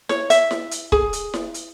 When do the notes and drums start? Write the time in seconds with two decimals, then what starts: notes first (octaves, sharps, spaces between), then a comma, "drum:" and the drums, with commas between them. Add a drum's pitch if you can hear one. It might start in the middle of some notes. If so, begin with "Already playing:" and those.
0.09 C#5, drum: snare E4
0.30 E5, drum: hi-hat
0.51 drum: snare E4
0.71 drum: hi-hat
0.92 G#4, drum: kick
1.13 drum: hi-hat
1.34 drum: snare E4
1.54 drum: hi-hat